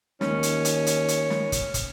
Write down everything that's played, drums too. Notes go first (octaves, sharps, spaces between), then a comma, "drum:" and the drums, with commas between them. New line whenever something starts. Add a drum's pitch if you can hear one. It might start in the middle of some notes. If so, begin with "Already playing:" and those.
D#2 C#4, drum: snare
drum: hi-hat
drum: hi-hat
drum: hi-hat
drum: hi-hat
drum: snare
drum: kick, hi-hat
drum: kick, hi-hat